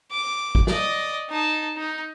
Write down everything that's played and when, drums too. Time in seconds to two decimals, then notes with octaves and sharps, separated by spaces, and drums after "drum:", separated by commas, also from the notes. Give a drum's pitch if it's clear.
0.11 D6
0.55 drum: kick
0.67 D5 D#5, drum: snare
1.30 D#4 A5
1.77 D#4